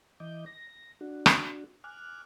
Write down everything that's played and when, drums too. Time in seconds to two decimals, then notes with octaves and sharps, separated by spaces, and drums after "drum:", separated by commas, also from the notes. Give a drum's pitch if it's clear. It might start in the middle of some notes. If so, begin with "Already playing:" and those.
0.20 E3 D#5 D6 G6
0.46 A#6
1.01 D4 F#4
1.26 drum: rim click
1.84 G#5 D6 F6 F#6